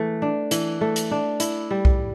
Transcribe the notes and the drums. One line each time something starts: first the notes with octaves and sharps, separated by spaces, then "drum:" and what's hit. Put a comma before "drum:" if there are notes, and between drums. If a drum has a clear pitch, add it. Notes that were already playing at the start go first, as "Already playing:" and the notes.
Already playing: E3 A3
D4
E3, drum: hi-hat
A3
drum: hi-hat
D4
E4, drum: hi-hat
G3
drum: kick B1